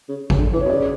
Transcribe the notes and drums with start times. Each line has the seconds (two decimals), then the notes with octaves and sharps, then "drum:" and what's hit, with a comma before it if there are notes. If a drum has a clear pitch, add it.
0.09 C#3
0.30 C#3, drum: kick G#1
0.39 D3
0.53 E3
0.60 C#5
0.65 B2
0.69 C#3 D5